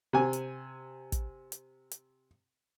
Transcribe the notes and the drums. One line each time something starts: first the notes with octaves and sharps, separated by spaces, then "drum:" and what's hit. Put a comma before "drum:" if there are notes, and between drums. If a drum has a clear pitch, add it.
C3 G#5
drum: hi-hat
drum: kick, hi-hat
drum: hi-hat
drum: hi-hat